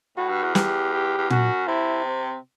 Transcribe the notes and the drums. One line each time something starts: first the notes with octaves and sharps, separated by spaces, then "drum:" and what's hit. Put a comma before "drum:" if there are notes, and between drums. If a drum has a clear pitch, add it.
A2 F#4
G2
E2
G4, drum: snare
G4
E2
F#2 F#4, drum: tom A#2
C3 E4
C4